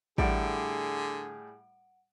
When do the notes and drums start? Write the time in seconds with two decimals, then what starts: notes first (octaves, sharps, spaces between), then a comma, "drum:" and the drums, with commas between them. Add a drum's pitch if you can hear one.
0.18 A2 D3 G3 G#4 F#5 D7, drum: kick A1